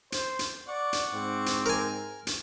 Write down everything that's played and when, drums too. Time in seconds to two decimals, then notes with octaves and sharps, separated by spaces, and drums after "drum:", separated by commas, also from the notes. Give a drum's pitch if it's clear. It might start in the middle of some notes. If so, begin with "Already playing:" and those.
0.12 C5, drum: hi-hat
0.39 drum: hi-hat
0.68 D5 F#5 C#6 D6
0.93 drum: hi-hat
1.14 G#2 C4
1.46 drum: hi-hat
1.66 A#4 G#5
2.27 drum: hi-hat